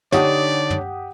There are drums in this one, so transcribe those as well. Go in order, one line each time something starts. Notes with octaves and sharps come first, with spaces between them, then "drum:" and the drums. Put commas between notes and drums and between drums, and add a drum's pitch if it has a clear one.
D3 D4 D#4 G4 C#5 D5 F#5 D#6, drum: snare
drum: tom